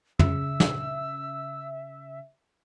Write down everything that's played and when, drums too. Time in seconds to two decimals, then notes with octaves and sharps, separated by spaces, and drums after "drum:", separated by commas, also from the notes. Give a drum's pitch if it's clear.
0.19 C#3 E5 E6, drum: tom
0.60 drum: snare